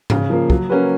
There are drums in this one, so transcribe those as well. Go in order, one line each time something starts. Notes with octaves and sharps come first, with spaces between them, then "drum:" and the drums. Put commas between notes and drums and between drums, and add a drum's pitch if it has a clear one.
C#3, drum: tom G#2
F3 A#3
F#3, drum: kick
A#3 C#4 F#4 B4